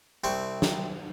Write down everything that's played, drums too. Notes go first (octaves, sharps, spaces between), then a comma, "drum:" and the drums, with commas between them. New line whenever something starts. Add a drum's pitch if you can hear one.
C2 C4 C#6
drum: snare